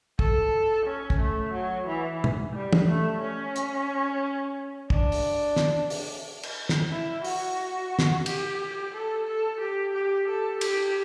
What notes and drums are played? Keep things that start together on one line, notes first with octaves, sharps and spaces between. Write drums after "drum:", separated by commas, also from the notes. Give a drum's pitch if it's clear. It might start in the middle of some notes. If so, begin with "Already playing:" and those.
A4, drum: kick
C#4
drum: kick
A3
F#3
E3
drum: tom
G3
drum: tom
A3
C#4
drum: hi-hat
D4, drum: kick
drum: open hi-hat
drum: snare
drum: open hi-hat
drum: cymbal
drum: snare
E4
F#4, drum: open hi-hat
drum: snare
G4, drum: cymbal
A4
A4
G4
G4
A4
G4, drum: cymbal